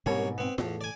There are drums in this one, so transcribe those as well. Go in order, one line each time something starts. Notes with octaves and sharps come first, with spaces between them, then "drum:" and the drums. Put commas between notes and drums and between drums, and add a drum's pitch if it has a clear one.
C2 G#2 B2 A#3 C#5
B3 C4
E2 A2, drum: snare F4
D5 G#5